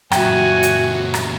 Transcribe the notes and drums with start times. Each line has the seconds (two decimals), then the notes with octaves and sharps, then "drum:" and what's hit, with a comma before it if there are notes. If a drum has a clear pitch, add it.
0.12 F#2 A#2 F#4 E5 G5 G#5, drum: rim click
0.63 drum: hi-hat
1.14 drum: rim click